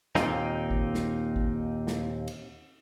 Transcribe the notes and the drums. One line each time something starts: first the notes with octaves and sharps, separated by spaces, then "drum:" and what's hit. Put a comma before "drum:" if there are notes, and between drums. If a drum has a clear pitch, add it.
D#2 A#2 C4 D#4, drum: snare
drum: kick G#1
drum: snare
drum: kick G#1
drum: snare
drum: cymbal